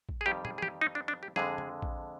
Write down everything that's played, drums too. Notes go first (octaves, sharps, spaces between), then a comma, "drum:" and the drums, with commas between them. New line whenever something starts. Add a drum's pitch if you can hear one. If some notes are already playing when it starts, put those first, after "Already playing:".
drum: kick A1
G#4
F2 D#3 G3 G4
G#4, drum: tom
G#4
G4, drum: tom
D#4
D4
D4
G4
F2 D3 G#3 G#4, drum: snare
drum: tom
drum: kick A1